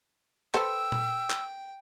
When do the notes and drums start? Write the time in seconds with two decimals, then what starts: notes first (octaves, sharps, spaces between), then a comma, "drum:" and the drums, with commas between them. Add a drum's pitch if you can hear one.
0.54 A4 B4 C5 G5 E6, drum: clap
0.92 drum: tom A#2
1.30 drum: clap